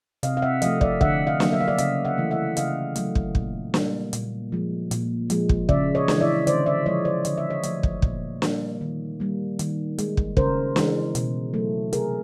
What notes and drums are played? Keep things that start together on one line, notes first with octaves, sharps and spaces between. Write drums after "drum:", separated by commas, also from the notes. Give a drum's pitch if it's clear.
C3 D#5 F5, drum: hi-hat
F5
E5 F#5
F3 A3 D#5 F5, drum: hi-hat
D5 E5, drum: kick
D3 E5 F#5, drum: kick
D#5 F5
F#3 A#3, drum: snare
E5
F5
D5 E5
C#3 D#5 F5, drum: hi-hat
E5 F#5
E3 A3
E5 F#5
C#3 D#5 F5, drum: hi-hat
F#3 A3, drum: hi-hat
drum: kick
A#2, drum: kick
G3 A#3, drum: snare
A#2, drum: hi-hat
F3 G#3
A#2, drum: hi-hat
F3 G#3, drum: hi-hat
drum: kick
C#3 D5 E5, drum: kick
C#5 D#5
E3 G#3, drum: snare
D5 E5
D3 C5 D5, drum: hi-hat
D5 E5
F3 G#3 C#5 D#5
C5 D5
D3 D#5, drum: hi-hat
E5
C#5 D#5
F3 A3, drum: hi-hat
drum: kick
A#2, drum: kick
G3 A#3, drum: snare
D#3
G3 A#3
D#3, drum: hi-hat
G#3, drum: hi-hat
drum: kick
C#3 A#4 C5, drum: kick
E3 G#3, drum: snare
B2, drum: hi-hat
F#3 A3
C3 G#4 A#4, drum: hi-hat